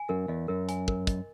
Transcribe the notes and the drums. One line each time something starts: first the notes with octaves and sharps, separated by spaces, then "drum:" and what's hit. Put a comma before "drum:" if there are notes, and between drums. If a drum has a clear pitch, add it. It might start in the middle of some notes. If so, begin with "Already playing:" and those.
Already playing: G#5
F#2 A#4
E2 D#5
F#2 A#4
G#5, drum: hi-hat
A#4, drum: kick
D#5, drum: kick, hi-hat